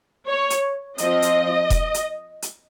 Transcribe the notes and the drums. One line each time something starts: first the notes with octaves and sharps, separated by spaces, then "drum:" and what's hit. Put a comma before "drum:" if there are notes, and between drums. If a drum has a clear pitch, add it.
C#5
drum: hi-hat
F3 C4 D#5, drum: hi-hat
drum: hi-hat
drum: kick E1, hi-hat
drum: hi-hat
drum: hi-hat